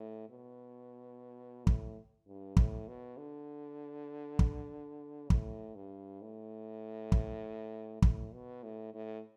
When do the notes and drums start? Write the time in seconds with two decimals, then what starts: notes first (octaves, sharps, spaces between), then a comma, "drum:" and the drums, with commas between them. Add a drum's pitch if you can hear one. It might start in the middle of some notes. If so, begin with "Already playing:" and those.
Already playing: A2
0.29 B2
1.67 A2, drum: kick
2.27 G2
2.57 A2, drum: kick
2.88 B2
3.17 D3
4.39 drum: kick
5.30 A2, drum: kick
5.76 G2
6.21 A2
7.12 drum: kick
8.02 A2, drum: kick
8.34 B2
8.63 A2
8.94 A2